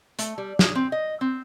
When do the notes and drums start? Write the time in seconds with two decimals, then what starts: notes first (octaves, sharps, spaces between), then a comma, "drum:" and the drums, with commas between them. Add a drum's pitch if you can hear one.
0.19 A3, drum: hi-hat
0.38 G3
0.59 G#4, drum: snare
0.75 C4
0.92 D#5
1.21 C4